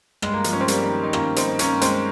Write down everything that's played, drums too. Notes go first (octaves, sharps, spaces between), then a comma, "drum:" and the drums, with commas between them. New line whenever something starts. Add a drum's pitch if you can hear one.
G2 G#3, drum: rim click
A#3
F3 G#3, drum: hi-hat
G2 C#4
C4
G3 A#3, drum: hi-hat
D#3
D#4
D#3 A#3 C#4, drum: rim click
C4 D#4, drum: hi-hat
G2
A#3 C#4, drum: hi-hat
G2
G#3 C4, drum: hi-hat